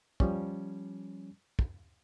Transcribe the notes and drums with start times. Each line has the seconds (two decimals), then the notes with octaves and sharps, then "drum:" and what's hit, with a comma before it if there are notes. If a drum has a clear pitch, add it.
0.20 F3 G3 C#4, drum: kick
1.59 drum: kick